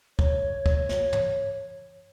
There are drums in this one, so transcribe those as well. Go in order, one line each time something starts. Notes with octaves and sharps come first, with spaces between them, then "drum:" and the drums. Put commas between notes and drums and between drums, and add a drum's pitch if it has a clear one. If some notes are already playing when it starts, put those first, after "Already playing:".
C#5, drum: kick
drum: kick
drum: snare
drum: tom